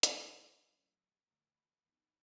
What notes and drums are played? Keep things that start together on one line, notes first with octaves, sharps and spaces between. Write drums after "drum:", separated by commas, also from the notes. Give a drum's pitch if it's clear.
drum: hi-hat
D#3 G3 A#3 D4 A5
D3 F#3 A3 C#4 E4
D3 F3 A3 A#5
B5
E3 G#3 B3 D#4 B5